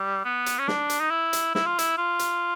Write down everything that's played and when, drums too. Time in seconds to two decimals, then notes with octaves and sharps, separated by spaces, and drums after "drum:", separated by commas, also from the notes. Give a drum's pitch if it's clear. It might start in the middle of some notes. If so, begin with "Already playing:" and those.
Already playing: G3
0.25 B3
0.46 drum: hi-hat
0.59 C#4
0.68 D4, drum: snare
0.90 drum: hi-hat
1.00 D#4
1.11 E4
1.33 drum: hi-hat
1.55 E4, drum: snare
1.66 F4
1.79 E4, drum: hi-hat
1.98 F4
2.19 drum: hi-hat